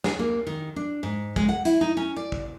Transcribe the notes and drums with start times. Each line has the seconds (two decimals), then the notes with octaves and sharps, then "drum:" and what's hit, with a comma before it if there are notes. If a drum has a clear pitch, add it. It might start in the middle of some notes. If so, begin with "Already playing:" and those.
0.04 G#4, drum: snare
0.19 A#3
0.47 D#3
0.76 D4
1.03 G#2
1.36 G#3, drum: kick
1.49 F#5
1.65 E4, drum: hi-hat
1.81 D#4
1.97 C#4
2.16 D5
2.32 drum: kick